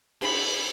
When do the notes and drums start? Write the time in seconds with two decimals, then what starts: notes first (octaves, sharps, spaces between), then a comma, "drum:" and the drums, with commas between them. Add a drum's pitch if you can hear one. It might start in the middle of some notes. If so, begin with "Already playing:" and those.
0.21 B5, drum: cymbal